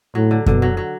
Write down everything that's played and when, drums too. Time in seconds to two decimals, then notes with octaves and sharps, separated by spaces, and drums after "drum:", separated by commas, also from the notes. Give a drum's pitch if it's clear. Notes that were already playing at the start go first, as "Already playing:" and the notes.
0.15 A2 F#3
0.31 D3
0.46 B2 D3, drum: kick F#2
0.62 F#3
0.77 F#3